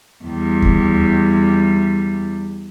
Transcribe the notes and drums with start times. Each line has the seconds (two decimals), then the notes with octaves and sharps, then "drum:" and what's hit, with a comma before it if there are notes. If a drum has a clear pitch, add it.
0.24 E2 G3
0.62 drum: kick D#2